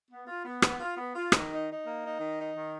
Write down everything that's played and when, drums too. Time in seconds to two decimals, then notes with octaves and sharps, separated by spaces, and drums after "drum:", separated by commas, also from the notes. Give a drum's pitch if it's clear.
0.10 B3
0.27 F4
0.45 B3
0.62 B3, drum: rim click
0.80 F4
0.97 B3
1.14 F4
1.32 D#3, drum: rim click
1.50 D#4
1.68 D#4
1.85 A#3
2.03 D#4
2.20 D#3
2.38 D#4
2.55 D#3